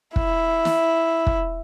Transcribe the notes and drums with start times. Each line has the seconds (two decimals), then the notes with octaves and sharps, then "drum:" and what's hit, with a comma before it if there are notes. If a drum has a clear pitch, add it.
0.16 E4, drum: kick
0.65 drum: snare
1.27 drum: kick